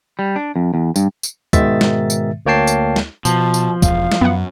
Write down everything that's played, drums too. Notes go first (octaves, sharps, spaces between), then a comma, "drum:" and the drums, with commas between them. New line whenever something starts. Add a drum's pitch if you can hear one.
G3
D4
F2
E2
G2, drum: tambourine
drum: tambourine
G#2 B2 D#3 G#3 E5 A6, drum: kick, tambourine
drum: snare
drum: tambourine
D2 A#3 C#5 G5 A5 C7
drum: tambourine
drum: snare
B2 F3 A5, drum: tambourine
drum: tambourine
E1 F5, drum: kick, tambourine
drum: snare
F#2 B3 F#5